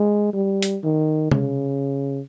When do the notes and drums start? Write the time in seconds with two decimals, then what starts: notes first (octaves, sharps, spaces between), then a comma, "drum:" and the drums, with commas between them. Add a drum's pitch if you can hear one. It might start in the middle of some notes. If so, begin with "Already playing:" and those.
Already playing: G#3
0.33 G3
0.62 drum: hi-hat
0.83 D#3
1.31 C#3, drum: tom C3